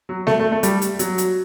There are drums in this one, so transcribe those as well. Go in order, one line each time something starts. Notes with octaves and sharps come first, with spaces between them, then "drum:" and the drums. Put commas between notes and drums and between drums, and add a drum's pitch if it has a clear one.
F#3
A3, drum: snare G3
A3
A3
G3, drum: hi-hat
drum: hi-hat
F#3, drum: hi-hat
drum: hi-hat